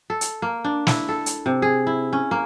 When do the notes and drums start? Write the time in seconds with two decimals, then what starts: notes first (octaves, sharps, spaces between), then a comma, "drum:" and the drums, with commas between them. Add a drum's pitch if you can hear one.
0.10 A4
0.21 drum: hi-hat
0.42 A#3
0.64 D4
0.87 E4, drum: snare
1.09 A4
1.26 drum: hi-hat
1.46 C3
1.62 G#4
1.87 E4
2.13 C#4
2.31 A#3